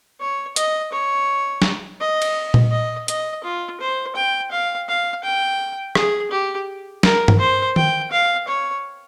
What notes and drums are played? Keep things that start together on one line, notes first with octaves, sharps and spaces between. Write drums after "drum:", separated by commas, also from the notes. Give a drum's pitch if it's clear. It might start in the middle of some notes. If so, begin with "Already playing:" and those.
C#5
D#5, drum: hi-hat
C#5
drum: snare
D#5
drum: cymbal
drum: tom A#2
D#5
D#5, drum: hi-hat
F4
C5
G5
F5
F5
G5
G#4, drum: rim click
G4
A#4, drum: snare
drum: tom G2
C5
G5, drum: tom D#3
F5
C#5